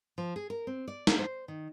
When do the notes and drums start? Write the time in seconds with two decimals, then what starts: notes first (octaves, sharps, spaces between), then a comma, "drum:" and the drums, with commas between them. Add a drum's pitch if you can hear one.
0.18 F3
0.36 G#4
0.50 A#4
0.67 C4
0.88 D5
1.07 drum: snare
1.19 C5
1.48 D#3